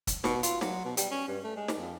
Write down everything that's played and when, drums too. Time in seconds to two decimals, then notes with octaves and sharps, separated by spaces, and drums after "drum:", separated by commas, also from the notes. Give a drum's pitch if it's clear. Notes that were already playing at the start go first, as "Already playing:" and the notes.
0.07 drum: kick, hi-hat
0.24 B2, drum: snare
0.43 F4, drum: hi-hat
0.61 F#3, drum: snare
0.85 B2
0.97 G3, drum: hi-hat
1.11 C#4
1.28 G2
1.44 A3
1.57 G#3
1.68 drum: snare
1.79 F2